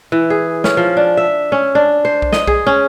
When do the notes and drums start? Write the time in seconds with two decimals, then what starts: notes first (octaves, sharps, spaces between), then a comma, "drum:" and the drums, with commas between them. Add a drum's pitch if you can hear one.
0.12 E3
0.30 G#4
0.64 C#4, drum: snare
0.77 F3
0.97 D4
1.17 E5
1.52 C#4
1.75 D4
2.05 C5
2.22 drum: kick B1
2.32 D#5, drum: snare
2.47 G#4, drum: kick B1
2.67 C#4